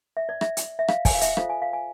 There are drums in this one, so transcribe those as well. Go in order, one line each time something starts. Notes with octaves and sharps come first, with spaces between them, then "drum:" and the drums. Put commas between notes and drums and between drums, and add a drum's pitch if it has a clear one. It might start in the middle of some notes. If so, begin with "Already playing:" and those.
E5
D5
E5, drum: rim click
drum: hi-hat
E5
F5, drum: rim click
G#5, drum: kick, open hi-hat
F5
E5, drum: hi-hat
F4 A4 C5 F5, drum: rim click
G#5
F5
G#5